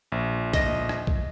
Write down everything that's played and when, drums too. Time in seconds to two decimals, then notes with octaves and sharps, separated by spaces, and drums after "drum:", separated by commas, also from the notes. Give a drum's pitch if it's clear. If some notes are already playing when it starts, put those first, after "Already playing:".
0.12 A#1
0.53 D#5, drum: kick B1, hi-hat
0.89 drum: rim click
1.07 drum: kick B1